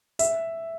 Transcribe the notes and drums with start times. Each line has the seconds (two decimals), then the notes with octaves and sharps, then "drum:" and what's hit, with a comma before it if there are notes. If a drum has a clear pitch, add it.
0.19 E5, drum: hi-hat